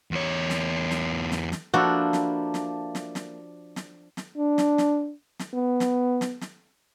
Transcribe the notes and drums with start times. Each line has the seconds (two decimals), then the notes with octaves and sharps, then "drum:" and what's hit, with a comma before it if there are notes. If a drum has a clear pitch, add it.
0.11 E2 C#5
0.50 drum: snare
0.91 drum: snare
1.32 drum: snare
1.52 drum: snare
1.74 F3 A#3 D4 E4 F#4 A4
2.13 drum: snare
2.54 drum: snare
2.95 drum: snare
3.15 drum: snare
3.76 drum: snare
4.17 drum: snare
4.37 D4
4.58 drum: snare
4.78 drum: snare
5.39 drum: snare
5.54 B3
5.80 drum: snare
6.21 drum: snare
6.41 drum: snare